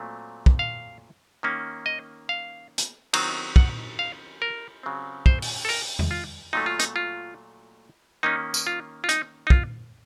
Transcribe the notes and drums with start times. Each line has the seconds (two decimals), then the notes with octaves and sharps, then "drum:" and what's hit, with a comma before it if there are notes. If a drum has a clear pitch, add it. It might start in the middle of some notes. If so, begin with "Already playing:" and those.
Already playing: A#2 F#3 A3 C4
0.46 drum: kick
0.59 F5
1.43 D#3 A#3 C#4
1.86 D#5
2.29 F5
2.78 drum: hi-hat
3.13 D#3 F#3 C4, drum: cymbal
3.56 F#5, drum: kick
3.99 F5
4.42 A#4
4.83 C#3 F#3 C4
5.26 C5, drum: kick
5.42 drum: open hi-hat
5.65 A4
5.69 A#4, drum: open hi-hat
5.99 drum: tom E2
6.11 F4
6.53 A#2 F#3 A3 D#4
6.66 F4
6.79 D#4, drum: hi-hat
6.96 F4
8.23 D#3 A#3 C#4 D#4
8.54 drum: tambourine
8.67 F4
9.04 F4
9.09 D#4, drum: hi-hat
9.47 D#4
9.50 F4, drum: kick